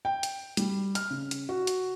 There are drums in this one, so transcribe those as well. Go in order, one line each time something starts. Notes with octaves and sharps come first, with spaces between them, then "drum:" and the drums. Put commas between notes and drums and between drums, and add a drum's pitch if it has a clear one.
G5
drum: hi-hat
G3, drum: hi-hat
F6, drum: hi-hat
C#3
drum: hi-hat
F#4
drum: hi-hat